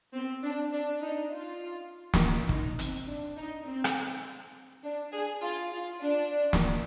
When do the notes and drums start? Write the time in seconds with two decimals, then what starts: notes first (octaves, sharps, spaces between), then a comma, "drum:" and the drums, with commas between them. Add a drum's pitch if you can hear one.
0.14 C4
0.43 D4
0.73 D4
1.03 D#4
1.32 F4
2.14 drum: snare
2.49 D#4, drum: kick
2.79 C4, drum: hi-hat
3.07 D4
3.37 D#4
3.66 C4
3.84 drum: rim click
4.84 D4
5.13 G#4
5.42 F4
5.72 F4
6.01 D4
6.53 drum: snare